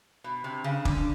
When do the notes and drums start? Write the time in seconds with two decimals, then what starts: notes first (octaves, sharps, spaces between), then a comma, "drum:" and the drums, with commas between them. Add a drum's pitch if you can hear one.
0.24 B2
0.44 C3
0.64 C#3
0.85 D3, drum: kick